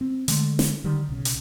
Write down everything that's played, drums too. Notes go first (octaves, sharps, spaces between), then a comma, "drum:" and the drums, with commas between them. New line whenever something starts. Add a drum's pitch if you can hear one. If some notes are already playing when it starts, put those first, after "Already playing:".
C4
D3 G#3 A3, drum: hi-hat
drum: snare
D3 D#3 G3
B1 C#3
drum: hi-hat